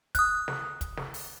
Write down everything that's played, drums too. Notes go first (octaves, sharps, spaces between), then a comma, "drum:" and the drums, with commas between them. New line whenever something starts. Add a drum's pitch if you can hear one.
D#6 F#6, drum: kick, hi-hat
drum: snare
drum: kick, hi-hat
drum: snare
drum: open hi-hat